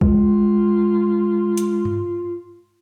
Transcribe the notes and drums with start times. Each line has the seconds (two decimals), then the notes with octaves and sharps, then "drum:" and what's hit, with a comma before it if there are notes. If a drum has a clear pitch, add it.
0.01 G#3 F4, drum: kick
1.57 drum: hi-hat
1.85 drum: tom G2